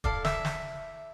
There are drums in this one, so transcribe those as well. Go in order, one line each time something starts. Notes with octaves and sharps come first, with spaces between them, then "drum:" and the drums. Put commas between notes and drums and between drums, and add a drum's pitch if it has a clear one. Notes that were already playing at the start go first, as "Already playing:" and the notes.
E4 A4 D5 F5, drum: kick
E5, drum: snare
drum: snare